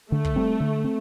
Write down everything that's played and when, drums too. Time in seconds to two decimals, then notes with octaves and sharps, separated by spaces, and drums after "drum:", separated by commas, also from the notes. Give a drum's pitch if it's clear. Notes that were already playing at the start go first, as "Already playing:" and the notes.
0.12 D3 A3
0.24 drum: kick
0.36 G3 C4
0.60 D3
0.84 C4